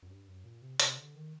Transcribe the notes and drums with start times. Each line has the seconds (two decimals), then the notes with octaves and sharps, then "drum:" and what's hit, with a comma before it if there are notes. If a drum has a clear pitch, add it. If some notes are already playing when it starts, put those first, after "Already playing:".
0.03 F#2
0.10 G2
0.28 F#2
0.44 A#2
0.61 C3
0.80 C3, drum: hi-hat
0.97 D3
1.15 D#3